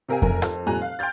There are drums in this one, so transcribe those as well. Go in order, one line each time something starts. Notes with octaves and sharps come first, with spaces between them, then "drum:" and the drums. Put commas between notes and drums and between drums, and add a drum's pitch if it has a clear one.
C3 G4 A#4 F5 G#5
F1 A#4 G#5, drum: kick F2
F2, drum: rim click
F1 A#2 G3 G#5 A#5 F#6
F5
G5 C6 F6 G6 A6